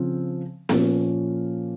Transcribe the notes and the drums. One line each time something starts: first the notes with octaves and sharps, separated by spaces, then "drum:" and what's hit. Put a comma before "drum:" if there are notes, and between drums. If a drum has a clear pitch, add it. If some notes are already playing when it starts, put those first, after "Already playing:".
Already playing: C#3 F3 C4 F4
A#2 F3 A#3 C#4 F4, drum: snare B3